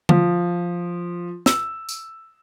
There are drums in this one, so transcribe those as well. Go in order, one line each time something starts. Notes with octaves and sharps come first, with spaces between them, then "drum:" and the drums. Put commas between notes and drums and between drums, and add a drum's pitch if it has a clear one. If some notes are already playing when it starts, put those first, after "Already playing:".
F3, drum: tom D3
E6, drum: snare
drum: tambourine